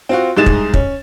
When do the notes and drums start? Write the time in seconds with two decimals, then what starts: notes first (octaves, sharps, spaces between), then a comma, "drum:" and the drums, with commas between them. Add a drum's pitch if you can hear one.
0.09 C4 F4 F#4
0.37 C2 G#2 D#4 G#4 A6 E7
0.46 drum: kick
0.74 C#4, drum: kick